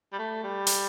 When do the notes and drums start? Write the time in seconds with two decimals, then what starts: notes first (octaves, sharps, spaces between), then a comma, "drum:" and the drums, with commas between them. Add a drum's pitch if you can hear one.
0.12 G3
0.18 A3
0.44 G3
0.67 drum: hi-hat